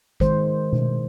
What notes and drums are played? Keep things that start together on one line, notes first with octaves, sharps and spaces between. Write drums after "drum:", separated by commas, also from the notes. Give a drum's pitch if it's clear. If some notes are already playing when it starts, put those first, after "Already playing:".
D#3 G#3 C5, drum: kick
drum: tom B2